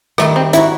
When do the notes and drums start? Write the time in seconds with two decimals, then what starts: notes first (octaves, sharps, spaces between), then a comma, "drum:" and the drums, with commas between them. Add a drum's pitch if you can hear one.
0.18 D#3 G3 A3 D#4, drum: rim click
0.36 C4
0.53 G3 D#4 E4 F#4, drum: hi-hat